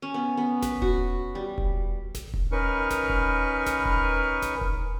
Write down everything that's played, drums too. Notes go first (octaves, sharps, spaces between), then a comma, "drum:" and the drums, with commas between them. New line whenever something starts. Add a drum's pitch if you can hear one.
C#4
B3
B3
B4, drum: snare G#1
F#4, drum: kick E1
G3
drum: kick E1
drum: snare G#1
drum: kick E1
C#4 D#4 A#4 B4 C#6
drum: snare G#1
drum: kick E1
drum: snare G#1
drum: kick E1
drum: snare G#1
drum: kick E1